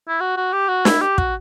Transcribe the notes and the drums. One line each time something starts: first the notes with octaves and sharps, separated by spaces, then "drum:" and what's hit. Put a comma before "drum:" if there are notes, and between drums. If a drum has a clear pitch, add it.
E4
F#4
F#4
G4
F#4
E4, drum: snare
G4
F#4, drum: kick